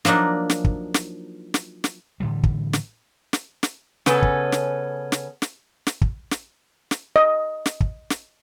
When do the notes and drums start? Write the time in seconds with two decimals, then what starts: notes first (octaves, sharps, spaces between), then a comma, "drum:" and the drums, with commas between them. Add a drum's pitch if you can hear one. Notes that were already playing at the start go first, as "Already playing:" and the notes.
0.05 F3 F#3 A#3 D4 D#4, drum: snare
0.50 drum: snare
0.64 drum: kick
0.94 drum: snare
1.54 drum: snare
1.84 drum: snare
2.20 A2 D3 E3 G3
2.43 drum: kick
2.73 drum: snare
3.33 drum: snare
3.63 drum: snare
4.06 C#3 B3 C#4 A4, drum: snare
4.22 drum: kick
4.52 drum: snare
5.12 drum: snare
5.42 drum: snare
5.87 drum: snare
6.01 drum: kick
6.31 drum: snare
6.91 drum: snare
7.16 D#5
7.66 drum: snare
7.80 drum: kick
8.10 drum: snare